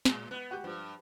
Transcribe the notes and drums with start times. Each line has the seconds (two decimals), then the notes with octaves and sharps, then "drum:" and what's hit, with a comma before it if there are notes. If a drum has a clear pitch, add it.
0.05 A2 G#3, drum: snare
0.31 B3 F#6
0.51 F#4 G4
0.64 G2 F3